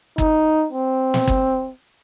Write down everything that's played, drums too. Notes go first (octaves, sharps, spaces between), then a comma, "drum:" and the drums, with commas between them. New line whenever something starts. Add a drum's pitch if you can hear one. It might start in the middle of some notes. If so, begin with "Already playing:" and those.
D#4, drum: kick
C4
drum: snare
drum: kick